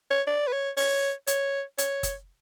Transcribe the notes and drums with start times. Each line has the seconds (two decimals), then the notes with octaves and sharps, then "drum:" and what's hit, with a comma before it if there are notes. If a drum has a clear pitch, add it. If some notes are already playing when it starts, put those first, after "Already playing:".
0.11 C#5
0.27 D5
0.47 B4
0.53 C#5
0.77 C#5, drum: open hi-hat
1.27 C#5, drum: hi-hat
1.78 C#5, drum: hi-hat
2.03 drum: kick F#1, hi-hat